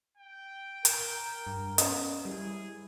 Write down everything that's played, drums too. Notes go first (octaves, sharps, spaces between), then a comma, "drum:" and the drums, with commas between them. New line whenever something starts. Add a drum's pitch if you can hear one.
G5
A#4, drum: hi-hat
G2
B3 C#4 D5 D#5, drum: hi-hat
G3 E4 G#4